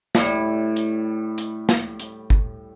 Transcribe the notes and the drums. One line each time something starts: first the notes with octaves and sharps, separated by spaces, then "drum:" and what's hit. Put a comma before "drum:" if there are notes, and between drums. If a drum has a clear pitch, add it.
A2 G3, drum: snare
drum: hi-hat
drum: hi-hat
drum: snare
drum: hi-hat
drum: kick